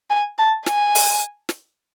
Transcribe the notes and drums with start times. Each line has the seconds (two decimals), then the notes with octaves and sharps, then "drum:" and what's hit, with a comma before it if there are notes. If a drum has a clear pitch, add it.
0.10 G#5
0.39 A5
0.66 G#5, drum: snare
0.95 drum: open hi-hat
1.49 drum: snare